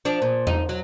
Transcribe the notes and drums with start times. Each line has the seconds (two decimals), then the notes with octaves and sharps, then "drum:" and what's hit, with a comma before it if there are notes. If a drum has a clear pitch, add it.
0.05 F3 D4
0.22 A#2
0.47 D#4, drum: tom E2
0.69 F#3